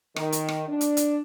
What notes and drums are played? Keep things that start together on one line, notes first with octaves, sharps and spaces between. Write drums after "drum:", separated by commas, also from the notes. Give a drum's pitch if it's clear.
D#3, drum: rim click
drum: hi-hat
drum: rim click
D4
drum: hi-hat
drum: hi-hat